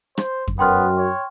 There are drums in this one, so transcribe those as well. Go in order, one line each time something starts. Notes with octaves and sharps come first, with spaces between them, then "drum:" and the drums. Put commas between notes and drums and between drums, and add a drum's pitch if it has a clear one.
C5, drum: rim click
drum: kick F2
F#2 B3 G5 C6 F6
C#5